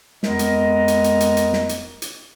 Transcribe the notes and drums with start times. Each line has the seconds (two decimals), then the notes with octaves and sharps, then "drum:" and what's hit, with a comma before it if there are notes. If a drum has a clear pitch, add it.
0.23 F2 G#3 B3 A#4 D#5 A#5, drum: snare
0.39 drum: hi-hat
0.88 drum: hi-hat
1.04 drum: hi-hat
1.20 drum: hi-hat
1.37 drum: hi-hat
1.53 drum: snare
1.69 drum: hi-hat
2.02 drum: hi-hat